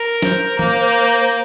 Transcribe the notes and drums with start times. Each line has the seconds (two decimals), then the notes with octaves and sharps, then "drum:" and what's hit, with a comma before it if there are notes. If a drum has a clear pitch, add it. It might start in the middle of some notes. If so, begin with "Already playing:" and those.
Already playing: A#4
0.22 C5, drum: snare
0.59 A#3, drum: tom E3